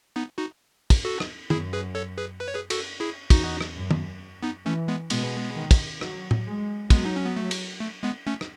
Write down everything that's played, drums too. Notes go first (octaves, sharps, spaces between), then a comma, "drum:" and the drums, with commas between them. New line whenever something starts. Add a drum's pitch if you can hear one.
B3 D#4
D#4 F#4
drum: kick, cymbal
F#4 A4
drum: rim click
F#2 E4 G#4, drum: tom
G#4 B4
A4 C#5
G#4 B4
B4
C#5
G#4 B4
F#4 A4, drum: cymbal
E4 G#4
E2 D#4 F#4, drum: kick, cymbal
drum: rim click
F#2
drum: tom
B3 D#4
E3 A3 C#4
G#3 B3
B2 G#3 B3, drum: cymbal
D#3
drum: kick, cymbal
F#3, drum: rim click
drum: tom
G#3
F#3 G#3 B3, drum: kick, cymbal
D#4
C#4
B3
A3
drum: cymbal
A3
G#3 B3
A3 C#4
drum: rim click